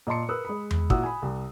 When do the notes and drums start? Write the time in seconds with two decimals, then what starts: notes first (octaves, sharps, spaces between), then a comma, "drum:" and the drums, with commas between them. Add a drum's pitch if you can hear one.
0.07 A#2 D#5 A5 C6 C#7
0.29 A#4 B4 B5 D#6 E6 F#6
0.45 G#3 B5
0.71 drum: tom E2
0.90 A#2 E4 F#4 F#5 D#6 E6, drum: kick
1.03 G#5 B5
1.22 C2